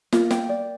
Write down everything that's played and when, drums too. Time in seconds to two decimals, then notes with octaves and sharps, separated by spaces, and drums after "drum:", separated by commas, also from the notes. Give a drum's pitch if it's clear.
0.12 A#3 F4, drum: snare
0.31 G5, drum: snare
0.49 D5